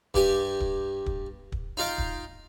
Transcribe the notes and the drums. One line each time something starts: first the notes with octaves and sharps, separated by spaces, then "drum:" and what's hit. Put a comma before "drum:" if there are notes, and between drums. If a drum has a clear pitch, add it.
G2 G4 G#5, drum: kick
drum: kick
drum: kick
drum: kick
D#4 F4 F5 G5
drum: kick